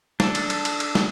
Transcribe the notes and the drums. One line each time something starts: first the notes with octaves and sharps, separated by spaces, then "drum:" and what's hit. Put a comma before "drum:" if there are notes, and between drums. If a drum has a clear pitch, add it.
D4 A4, drum: snare
drum: cymbal
drum: cymbal
drum: cymbal
drum: cymbal
drum: snare